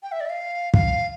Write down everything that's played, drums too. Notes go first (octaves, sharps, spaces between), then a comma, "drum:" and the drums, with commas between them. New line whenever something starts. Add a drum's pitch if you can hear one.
G5
E5
D5
E5
F5
F5, drum: kick